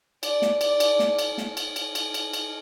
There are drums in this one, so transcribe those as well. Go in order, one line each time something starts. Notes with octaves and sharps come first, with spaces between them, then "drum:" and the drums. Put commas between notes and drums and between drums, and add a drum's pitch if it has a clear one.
D5, drum: cymbal
drum: snare
D5, drum: cymbal
drum: cymbal
drum: snare
drum: cymbal
drum: snare
drum: cymbal
drum: cymbal
drum: cymbal
drum: cymbal
drum: cymbal